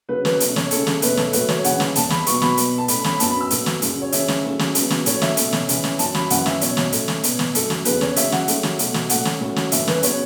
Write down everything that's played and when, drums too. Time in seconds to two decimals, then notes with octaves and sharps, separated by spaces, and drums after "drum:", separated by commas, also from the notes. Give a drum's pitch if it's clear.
0.09 C#3 F#3 C#4 B4
0.25 B4, drum: snare
0.40 B2 A3 C#4, drum: hi-hat
0.56 C#5, drum: snare
0.71 C#3 A3 C#4 A4, drum: hi-hat
0.87 drum: snare
1.02 E2 B2 A3 C#4 B4, drum: hi-hat
1.17 A4, drum: snare
1.33 A2 F#3 A3 B4, drum: hi-hat
1.49 C#5, drum: snare
1.64 C#3 E3 C#4 F#5, drum: hi-hat
1.80 drum: snare
1.95 E2 E3 B3 A5, drum: hi-hat
2.10 B5, drum: snare
2.26 B2 F#3 B3 C#6, drum: hi-hat
2.42 B5, drum: snare
2.57 B2 B3, drum: hi-hat
2.78 A5
2.88 A2 A3 C#4 B5, drum: hi-hat
3.04 B5, drum: snare
3.20 F#2 F#3 B3 A5, drum: hi-hat
3.30 B5
3.41 E6
3.50 A2 F#3 B3, drum: hi-hat
3.66 drum: snare
3.82 F#2 C#3 F#3, drum: hi-hat
4.02 C#5
4.12 C#3 E3 C#4 E5, drum: hi-hat
4.28 drum: snare
4.44 C#3 F#3 A3 C#4
4.59 drum: snare
4.75 C#3 F#3 B3, drum: hi-hat
4.90 drum: snare
5.06 A2 F#3 C#4 C#5, drum: hi-hat
5.22 E5, drum: snare
5.37 B2 A3 C#4, drum: hi-hat
5.53 drum: snare
5.69 C#3 E3 C#4, drum: hi-hat
5.84 drum: snare
5.99 F#2 F#3 C#4 A5, drum: hi-hat
6.15 B5, drum: snare
6.30 F#2 E3 C#4 F#5, drum: hi-hat
6.46 E5, drum: snare
6.61 B2 F#3 C#4 C#5, drum: hi-hat
6.77 drum: snare
6.92 A2 A3 C#4, drum: hi-hat
7.08 drum: snare
7.24 B2 B3, drum: hi-hat
7.39 drum: snare
7.55 F#2 F#3 A3 A4, drum: hi-hat
7.70 drum: snare
7.85 E2 C#3 A3 C#4 B4, drum: hi-hat
8.01 C#5, drum: snare
8.16 C#3 F#3 C#4 E5, drum: hi-hat
8.32 F#5, drum: snare
8.48 C#3 F#3 A3 C#4, drum: hi-hat
8.63 drum: snare
8.79 B2 F#3 A3, drum: hi-hat
8.94 drum: snare
9.09 A2 A3 C#4 F#5, drum: hi-hat
9.25 drum: snare
9.40 A2 F#3 C#4
9.56 drum: snare
9.72 F#2 E3 A3 C#4 E5, drum: hi-hat
9.88 B4, drum: snare
10.03 C#3 F#3 B3 C#5, drum: hi-hat